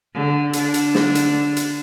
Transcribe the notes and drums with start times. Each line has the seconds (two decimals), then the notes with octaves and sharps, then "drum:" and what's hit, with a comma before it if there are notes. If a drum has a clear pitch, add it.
0.14 D3
0.53 D3 D4, drum: hi-hat
0.74 drum: hi-hat
0.95 drum: snare
1.15 drum: hi-hat
1.56 drum: hi-hat